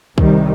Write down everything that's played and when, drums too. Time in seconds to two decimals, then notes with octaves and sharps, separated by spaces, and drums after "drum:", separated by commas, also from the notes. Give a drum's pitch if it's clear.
0.18 C2 C3 D#3 G3, drum: kick